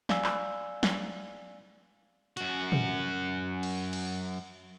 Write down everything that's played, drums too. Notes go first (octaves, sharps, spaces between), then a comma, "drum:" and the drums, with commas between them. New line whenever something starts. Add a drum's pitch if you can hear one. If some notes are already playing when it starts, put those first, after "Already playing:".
D5 F5 G#5 E6, drum: snare
drum: clap
drum: snare
F#2 F#4, drum: hi-hat
drum: tom
drum: cymbal
drum: cymbal